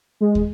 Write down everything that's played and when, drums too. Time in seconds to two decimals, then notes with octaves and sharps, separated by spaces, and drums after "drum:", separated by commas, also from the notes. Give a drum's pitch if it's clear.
0.21 G#3
0.35 drum: kick